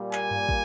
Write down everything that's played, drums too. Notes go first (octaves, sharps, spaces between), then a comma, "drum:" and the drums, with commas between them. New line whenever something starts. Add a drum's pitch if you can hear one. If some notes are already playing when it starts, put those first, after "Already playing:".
Already playing: A#2 G3 A#3
G#5, drum: clap
drum: tom G2
drum: kick